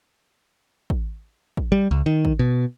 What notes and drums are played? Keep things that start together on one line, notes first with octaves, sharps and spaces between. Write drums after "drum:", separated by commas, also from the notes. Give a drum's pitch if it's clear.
drum: kick
drum: kick
G3
C#2
D#3
drum: kick
B2